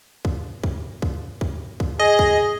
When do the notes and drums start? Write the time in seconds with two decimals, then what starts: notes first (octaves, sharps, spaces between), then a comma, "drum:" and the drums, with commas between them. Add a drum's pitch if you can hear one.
0.25 drum: kick
0.64 drum: kick
1.02 drum: kick
1.41 drum: kick
1.80 drum: kick
1.99 G#4 D#5
2.19 drum: kick